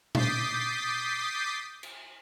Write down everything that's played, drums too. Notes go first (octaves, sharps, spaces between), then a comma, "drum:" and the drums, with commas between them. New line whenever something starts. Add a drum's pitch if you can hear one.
D6 D#6 G6 A6 B6 C7, drum: tom A#2
drum: cymbal